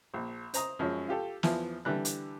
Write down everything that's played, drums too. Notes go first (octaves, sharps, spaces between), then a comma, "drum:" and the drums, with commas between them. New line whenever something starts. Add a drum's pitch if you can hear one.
A#1
C5 A#5 D#6, drum: hi-hat
F#2 F3 G#3 C#4
F4 G4 A4
E2 E3 F3, drum: snare
D3 E3 G3 F#6
drum: hi-hat